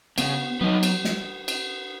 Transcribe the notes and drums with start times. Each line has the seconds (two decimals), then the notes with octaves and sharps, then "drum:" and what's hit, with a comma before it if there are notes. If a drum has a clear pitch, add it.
0.18 C#3 B3, drum: cymbal
0.61 F#3 B3 D#4
0.83 drum: cymbal
1.05 drum: snare
1.48 drum: cymbal